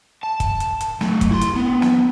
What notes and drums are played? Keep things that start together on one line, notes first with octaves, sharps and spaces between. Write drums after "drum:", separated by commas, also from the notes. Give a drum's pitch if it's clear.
A5
drum: kick, hi-hat
drum: hi-hat
drum: hi-hat
F#3 A3, drum: snare
drum: kick, hi-hat
E4 C6
drum: hi-hat
B3 C4
drum: snare